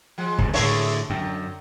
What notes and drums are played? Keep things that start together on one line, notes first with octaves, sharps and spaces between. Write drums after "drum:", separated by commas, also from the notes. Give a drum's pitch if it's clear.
F3 G#3
C#2 G2, drum: kick
A2 D3 G#4 C#5 E5, drum: open hi-hat
F#2 D3